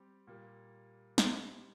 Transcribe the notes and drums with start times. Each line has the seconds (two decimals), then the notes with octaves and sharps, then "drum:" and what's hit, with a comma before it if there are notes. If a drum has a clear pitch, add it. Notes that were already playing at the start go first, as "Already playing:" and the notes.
Already playing: G3 C4 G4
0.27 A#2 G3 A#3
1.18 G3 C4 D#4 G4, drum: snare